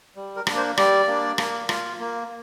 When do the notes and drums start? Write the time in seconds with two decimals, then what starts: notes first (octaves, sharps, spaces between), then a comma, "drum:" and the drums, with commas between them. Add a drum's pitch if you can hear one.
0.16 G3
0.36 A#4
0.47 A#3 D4, drum: rim click
0.57 C5
0.78 G3 D5, drum: rim click
1.07 A#3 D4
1.38 A#3, drum: rim click
1.69 F4, drum: rim click
1.99 A#3